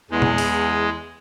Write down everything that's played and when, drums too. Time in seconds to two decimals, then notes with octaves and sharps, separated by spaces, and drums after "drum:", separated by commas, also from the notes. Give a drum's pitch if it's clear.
0.11 E2 G#3
0.22 drum: tom A#2
0.38 drum: open hi-hat